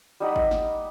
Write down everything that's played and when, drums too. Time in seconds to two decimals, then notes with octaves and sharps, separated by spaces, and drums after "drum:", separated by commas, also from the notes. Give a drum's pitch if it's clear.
0.20 G3 D#4 F#5 B5
0.36 drum: kick
0.51 drum: snare